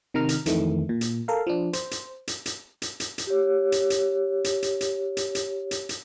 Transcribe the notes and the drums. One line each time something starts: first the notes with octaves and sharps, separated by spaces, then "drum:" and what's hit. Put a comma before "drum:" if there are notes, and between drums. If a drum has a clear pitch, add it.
C3 D#3 D#4 A#5 F6
drum: hi-hat
F2 D#3 E3 A3, drum: hi-hat
A#2
drum: hi-hat
A4 A#4 F5
F3 D4
C5, drum: hi-hat
drum: hi-hat
drum: hi-hat
drum: hi-hat
drum: hi-hat
drum: hi-hat
drum: hi-hat
G4 C#5
drum: hi-hat
drum: hi-hat
drum: hi-hat
drum: hi-hat
drum: hi-hat
drum: hi-hat
drum: hi-hat
drum: hi-hat
drum: hi-hat